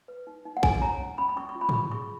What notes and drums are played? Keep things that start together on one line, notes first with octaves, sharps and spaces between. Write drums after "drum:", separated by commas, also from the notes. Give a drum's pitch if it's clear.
B4
D#4
D#4
F#5
D#4 G#5, drum: kick
C#5 A#5
C#4
C#4 B5
B5
C#4 C#6
C#6
F4
B5
C#6, drum: tom
F4 B5
G#4 C#6